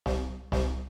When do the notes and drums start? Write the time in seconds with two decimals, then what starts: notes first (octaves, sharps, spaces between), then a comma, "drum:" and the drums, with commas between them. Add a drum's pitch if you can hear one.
0.06 C2, drum: snare
0.52 C2, drum: snare